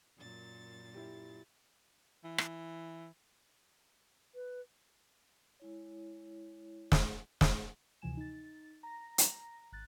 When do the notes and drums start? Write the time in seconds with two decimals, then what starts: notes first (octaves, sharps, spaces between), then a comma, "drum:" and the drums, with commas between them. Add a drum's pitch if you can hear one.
0.17 F#2 A#2 A6
0.94 E4 G4
2.24 E3
2.38 drum: rim click
4.35 B4
5.60 G#3 E4 C#5
6.92 drum: snare
7.41 drum: snare
8.02 D2 C3 E3 F3 G#5 E7
8.17 D#4 A6
8.83 A#5 A#6
9.18 drum: hi-hat
9.72 G#1 F#6 A6